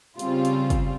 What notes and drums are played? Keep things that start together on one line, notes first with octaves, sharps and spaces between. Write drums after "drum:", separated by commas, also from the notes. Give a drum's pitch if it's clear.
C#3 G3 C4 F4, drum: hi-hat
drum: hi-hat
drum: kick, hi-hat